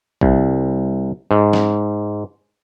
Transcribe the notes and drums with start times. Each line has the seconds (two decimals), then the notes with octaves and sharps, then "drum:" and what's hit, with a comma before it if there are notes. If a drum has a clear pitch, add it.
0.21 C2, drum: kick A#1
1.31 G#2
1.53 drum: snare